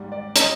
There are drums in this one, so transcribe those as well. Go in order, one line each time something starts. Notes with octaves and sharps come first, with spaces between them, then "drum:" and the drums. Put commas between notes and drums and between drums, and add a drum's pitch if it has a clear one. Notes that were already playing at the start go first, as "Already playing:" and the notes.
Already playing: G#2 G3
D5
D#5, drum: hi-hat